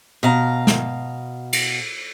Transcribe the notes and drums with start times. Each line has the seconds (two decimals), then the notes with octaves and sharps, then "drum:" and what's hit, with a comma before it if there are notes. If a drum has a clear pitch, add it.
0.23 B2 F5 A#5
0.67 drum: snare
1.53 drum: cymbal